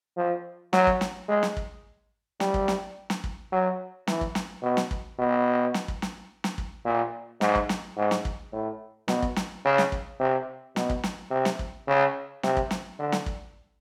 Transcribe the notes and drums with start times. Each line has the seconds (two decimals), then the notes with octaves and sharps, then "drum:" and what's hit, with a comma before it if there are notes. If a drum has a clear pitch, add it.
0.17 F3
0.73 F#3, drum: snare
0.87 drum: kick
1.01 drum: snare
1.29 G#3
1.43 drum: snare
1.57 drum: kick
2.40 G3, drum: snare
2.54 drum: kick
2.68 drum: snare
3.10 drum: snare
3.24 drum: kick
3.52 F#3
4.07 E3, drum: snare
4.21 drum: kick
4.35 drum: snare
4.63 B2
4.77 drum: snare
4.91 drum: kick
5.19 B2
5.74 drum: snare
5.88 drum: kick
6.02 drum: snare
6.44 drum: snare
6.58 drum: kick
6.85 A#2
7.41 G#2, drum: snare
7.55 drum: kick
7.69 drum: snare
7.97 G#2
8.11 drum: snare
8.25 drum: kick
8.53 A2
9.08 B2, drum: snare
9.22 drum: kick
9.36 drum: snare
9.65 C#3
9.78 drum: snare
9.92 drum: kick
10.20 C3
10.76 B2, drum: snare
10.90 drum: kick
11.03 drum: snare
11.31 C3
11.45 drum: snare
11.59 drum: kick
11.88 C#3
12.43 C3, drum: snare
12.57 drum: kick
12.71 drum: snare
12.99 D3
13.12 drum: snare
13.26 drum: kick